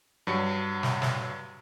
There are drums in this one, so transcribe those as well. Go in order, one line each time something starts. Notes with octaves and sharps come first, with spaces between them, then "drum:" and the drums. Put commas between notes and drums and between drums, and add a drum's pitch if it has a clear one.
G2 F#3 C#7
drum: snare
drum: snare